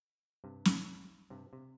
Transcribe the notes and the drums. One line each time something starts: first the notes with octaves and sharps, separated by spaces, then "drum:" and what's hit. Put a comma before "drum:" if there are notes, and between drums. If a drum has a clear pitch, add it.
G2 C3
drum: snare
G2 C3
C3